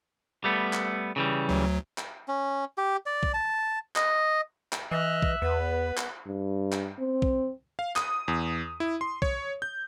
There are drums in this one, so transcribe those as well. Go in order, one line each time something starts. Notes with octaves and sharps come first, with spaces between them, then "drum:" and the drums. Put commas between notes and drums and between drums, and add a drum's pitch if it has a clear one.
G3 A3 B3
drum: clap
C#3 E3 G3
D2 F#3
drum: clap
C#4
G4
D5
drum: kick
A5
D#5, drum: clap
drum: clap
E3 D#5 E5 F6 F#6
drum: kick
E2 B3 B4
drum: clap
G2
drum: clap
C4
drum: kick
F5
D#6, drum: clap
E2
E4
C6
C#5, drum: kick
G6